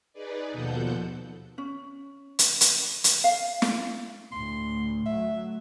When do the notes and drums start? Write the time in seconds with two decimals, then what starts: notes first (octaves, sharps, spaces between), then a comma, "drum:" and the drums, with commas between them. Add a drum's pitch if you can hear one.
0.13 D#4 G#4 B4 D5
0.52 D#2 B2 F3 A4 F#5 G6
1.58 C#4
2.39 drum: hi-hat
2.61 drum: hi-hat
3.04 drum: hi-hat
3.24 F5
3.62 drum: snare
4.32 D2 A2 C6
5.06 F#3 A3 E5